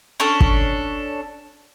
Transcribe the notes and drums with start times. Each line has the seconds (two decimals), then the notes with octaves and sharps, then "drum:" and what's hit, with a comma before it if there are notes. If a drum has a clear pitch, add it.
0.20 C#4 D4 A4
0.41 drum: kick